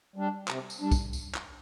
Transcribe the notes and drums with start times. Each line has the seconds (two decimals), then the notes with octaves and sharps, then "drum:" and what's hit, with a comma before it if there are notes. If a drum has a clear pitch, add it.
0.16 G3 D4
0.48 C3, drum: clap
0.70 drum: tambourine
0.81 G3 D4
0.91 drum: kick B1, tambourine
1.13 drum: tambourine
1.35 drum: clap